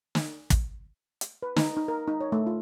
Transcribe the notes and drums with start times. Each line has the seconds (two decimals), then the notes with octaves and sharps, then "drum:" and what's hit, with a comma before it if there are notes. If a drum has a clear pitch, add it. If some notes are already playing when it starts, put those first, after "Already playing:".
0.15 drum: snare
0.50 drum: kick, hi-hat
1.21 drum: hi-hat
1.43 B4
1.56 D#4, drum: snare
1.77 D#4
1.88 A#4
2.08 D#4
2.21 C#5
2.32 A3
2.47 F4